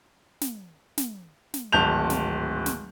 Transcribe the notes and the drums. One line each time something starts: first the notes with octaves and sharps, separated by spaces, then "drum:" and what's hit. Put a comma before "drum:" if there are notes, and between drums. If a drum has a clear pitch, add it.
drum: snare
drum: snare
drum: snare
D1 G#1 A5 G6 F7
drum: snare
drum: snare